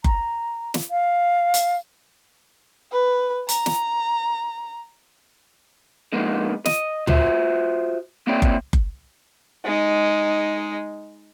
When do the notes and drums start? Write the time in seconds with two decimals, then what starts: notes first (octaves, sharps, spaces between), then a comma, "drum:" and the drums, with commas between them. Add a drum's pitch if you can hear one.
0.04 A#5, drum: kick F#1
0.74 drum: snare
0.91 F5
1.54 drum: hi-hat
2.92 B4
3.49 A#5, drum: hi-hat
3.66 drum: snare
6.12 D3 F3 G#3 A#3 B3 D#4
6.66 D#5, drum: snare
7.07 F4 F#4 C5 E5, drum: tom
8.27 A#3 C4 C#4 E4 D5 G5
8.42 drum: kick F#1
8.73 drum: kick F#1
9.65 G#3 D#4